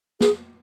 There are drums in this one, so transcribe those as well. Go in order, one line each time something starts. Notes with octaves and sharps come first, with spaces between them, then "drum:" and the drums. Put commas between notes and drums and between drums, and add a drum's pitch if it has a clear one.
G#4, drum: snare